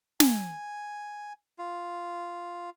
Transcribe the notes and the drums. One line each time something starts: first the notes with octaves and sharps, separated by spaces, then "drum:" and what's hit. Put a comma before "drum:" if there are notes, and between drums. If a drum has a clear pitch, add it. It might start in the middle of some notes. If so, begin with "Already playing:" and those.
G#5, drum: snare
F4